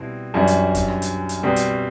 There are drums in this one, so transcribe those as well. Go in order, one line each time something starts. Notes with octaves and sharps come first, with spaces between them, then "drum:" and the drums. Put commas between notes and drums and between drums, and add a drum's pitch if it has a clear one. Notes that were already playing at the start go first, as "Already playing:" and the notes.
Already playing: B2 G3 C4 E4
F#2 E3 G3 D4 F#4
drum: hi-hat
drum: kick, hi-hat
drum: rim click
drum: hi-hat
drum: hi-hat
B2 G3 C4 F#4
drum: hi-hat